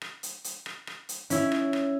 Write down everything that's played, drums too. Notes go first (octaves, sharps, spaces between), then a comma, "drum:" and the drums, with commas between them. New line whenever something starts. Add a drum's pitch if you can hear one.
drum: rim click
drum: hi-hat
drum: hi-hat
drum: rim click
drum: rim click
drum: hi-hat
C#4 E4, drum: hi-hat
drum: rim click
drum: rim click